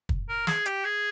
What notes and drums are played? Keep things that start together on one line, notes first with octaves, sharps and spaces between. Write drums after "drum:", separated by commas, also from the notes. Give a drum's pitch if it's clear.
drum: kick
A#4
G#4, drum: snare
G4, drum: hi-hat
G#4